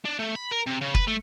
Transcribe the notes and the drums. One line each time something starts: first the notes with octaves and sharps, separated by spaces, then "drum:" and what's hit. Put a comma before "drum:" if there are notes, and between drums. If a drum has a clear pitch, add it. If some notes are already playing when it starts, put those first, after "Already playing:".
D4
A3
B5
A#4
C3
C#3
B4, drum: kick
A3